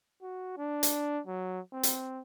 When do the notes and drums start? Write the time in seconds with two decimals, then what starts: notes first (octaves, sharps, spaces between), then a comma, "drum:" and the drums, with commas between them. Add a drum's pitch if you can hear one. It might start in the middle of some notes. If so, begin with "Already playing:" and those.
0.22 F#4
0.58 D4
0.83 drum: hi-hat
1.27 F#3
1.73 C4
1.83 drum: hi-hat